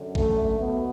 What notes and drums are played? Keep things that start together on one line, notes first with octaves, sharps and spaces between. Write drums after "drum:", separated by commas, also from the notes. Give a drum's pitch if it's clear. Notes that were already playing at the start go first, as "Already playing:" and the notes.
Already playing: F#2 D3
A3, drum: kick A1
B2 B3